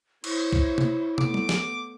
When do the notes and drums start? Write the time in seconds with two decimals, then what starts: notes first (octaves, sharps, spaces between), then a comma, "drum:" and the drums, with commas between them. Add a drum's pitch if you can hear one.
0.24 E4 C5 C#5, drum: cymbal
0.53 drum: kick B1
0.78 drum: tom
1.18 A3 B3 D6, drum: tom
1.34 drum: tom G3
1.49 drum: snare